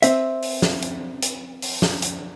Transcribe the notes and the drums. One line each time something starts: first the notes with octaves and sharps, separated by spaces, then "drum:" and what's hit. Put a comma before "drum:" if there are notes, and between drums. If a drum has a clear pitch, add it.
C4 E5, drum: hi-hat
drum: open hi-hat
drum: snare
drum: hi-hat
drum: hi-hat
drum: open hi-hat
drum: snare
drum: hi-hat